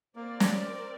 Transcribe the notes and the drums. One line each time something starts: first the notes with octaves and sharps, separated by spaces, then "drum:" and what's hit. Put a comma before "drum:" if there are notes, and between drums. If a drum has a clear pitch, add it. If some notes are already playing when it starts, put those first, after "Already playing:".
A#3 C4 A#4 D5
drum: snare